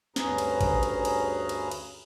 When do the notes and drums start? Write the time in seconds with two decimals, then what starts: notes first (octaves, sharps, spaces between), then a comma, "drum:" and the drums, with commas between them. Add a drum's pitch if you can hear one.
0.16 D2 G2 C#4 G#4 B4 A#5, drum: snare
0.38 drum: cymbal
0.61 drum: kick G#1, cymbal
0.83 drum: cymbal
1.05 drum: cymbal
1.49 drum: cymbal
1.71 drum: cymbal